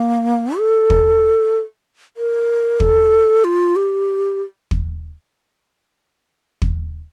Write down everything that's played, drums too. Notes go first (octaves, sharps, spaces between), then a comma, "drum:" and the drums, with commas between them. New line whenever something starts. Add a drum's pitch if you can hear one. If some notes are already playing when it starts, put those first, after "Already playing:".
Already playing: A#3
A4
drum: kick
A#4
A4, drum: kick
F4
G4
drum: kick
drum: kick